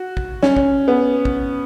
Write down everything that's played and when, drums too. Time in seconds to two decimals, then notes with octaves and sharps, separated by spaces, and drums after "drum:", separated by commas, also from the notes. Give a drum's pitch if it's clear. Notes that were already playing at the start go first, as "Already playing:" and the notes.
Already playing: F#4
0.17 drum: kick
0.43 C#4, drum: snare
0.57 drum: kick
0.88 B3
1.25 drum: kick